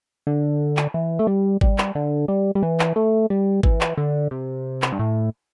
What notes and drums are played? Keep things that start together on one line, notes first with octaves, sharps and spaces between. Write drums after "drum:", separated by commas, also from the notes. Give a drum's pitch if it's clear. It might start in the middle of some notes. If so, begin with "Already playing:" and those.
D3
drum: clap
E3
A3
G3
G3, drum: kick G#1
drum: clap
D3
G3
G3
E3
drum: clap
A3
G3
E3, drum: kick G#1
drum: clap
D3
C3
drum: clap
G2
A2